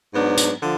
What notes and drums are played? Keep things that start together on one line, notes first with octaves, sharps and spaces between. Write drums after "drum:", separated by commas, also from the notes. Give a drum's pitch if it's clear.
G#2 F#3 B3 D4
drum: tambourine
D3 F3